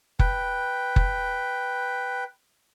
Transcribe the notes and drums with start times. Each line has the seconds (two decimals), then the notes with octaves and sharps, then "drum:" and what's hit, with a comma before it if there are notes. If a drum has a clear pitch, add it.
0.19 B4 G5, drum: kick F#1
0.96 drum: kick F#1